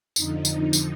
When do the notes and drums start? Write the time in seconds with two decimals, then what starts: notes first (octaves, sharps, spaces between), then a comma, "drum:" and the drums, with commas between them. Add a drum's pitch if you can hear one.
0.16 F2 D3 F3 D#4, drum: tambourine
0.45 drum: tambourine
0.73 drum: tambourine